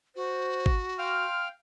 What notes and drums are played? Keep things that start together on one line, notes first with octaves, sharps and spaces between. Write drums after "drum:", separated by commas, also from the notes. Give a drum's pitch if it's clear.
F#4 C5
drum: kick G#1
F5 G5 C6 F6